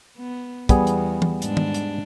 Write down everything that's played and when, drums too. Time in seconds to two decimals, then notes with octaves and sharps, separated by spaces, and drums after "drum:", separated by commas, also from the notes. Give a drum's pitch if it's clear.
0.17 B3
0.69 E2 G3 B3 G#4, drum: kick, hi-hat
0.87 drum: hi-hat
1.22 drum: tom
1.42 G#2 D4, drum: hi-hat
1.57 drum: tom
1.74 drum: hi-hat